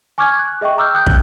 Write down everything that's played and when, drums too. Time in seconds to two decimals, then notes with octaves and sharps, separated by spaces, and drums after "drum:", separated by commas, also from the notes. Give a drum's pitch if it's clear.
0.18 G#5 C#6 D6 F6 G#6
0.39 F#6
0.61 G#4 D#5 E5 G5 C#6
0.78 A#5 D6 E6 F6 G6
0.94 G5 D#6 F#6 G6
1.06 drum: kick